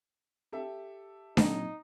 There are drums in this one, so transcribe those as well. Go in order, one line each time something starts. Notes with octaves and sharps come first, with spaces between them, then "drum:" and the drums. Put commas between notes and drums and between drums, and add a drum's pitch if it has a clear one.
G4 A4 E5
A#2 F#3 C4 D#4, drum: snare D4